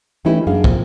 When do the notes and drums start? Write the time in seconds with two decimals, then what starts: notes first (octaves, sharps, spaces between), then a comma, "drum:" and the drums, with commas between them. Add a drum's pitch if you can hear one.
0.25 E3 A3 C#4 D#4 E4 G4
0.47 F#2 A#3 D4 G#4 F5
0.64 F3 A#3 C4, drum: kick